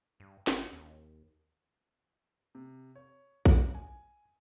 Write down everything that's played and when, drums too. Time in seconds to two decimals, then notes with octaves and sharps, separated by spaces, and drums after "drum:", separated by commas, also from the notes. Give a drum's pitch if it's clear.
0.20 G2
0.47 G1, drum: snare
0.72 D#2
2.55 C3
2.95 C#5
3.46 B1, drum: kick A#1
3.75 G#5